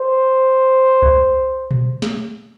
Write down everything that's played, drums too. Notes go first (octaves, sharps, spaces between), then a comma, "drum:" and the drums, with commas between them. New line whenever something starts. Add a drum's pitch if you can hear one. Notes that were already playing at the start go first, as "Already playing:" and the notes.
Already playing: C5
drum: kick C#2
drum: tom A#2
drum: snare